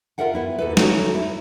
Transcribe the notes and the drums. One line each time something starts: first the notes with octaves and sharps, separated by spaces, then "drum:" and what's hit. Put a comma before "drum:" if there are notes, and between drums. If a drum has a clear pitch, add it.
F4 G#4 A#4 E5 F#5 G5
B3 E4 B4
D#2 A4 B4
D#4 F#4 A4 C#5, drum: snare
E4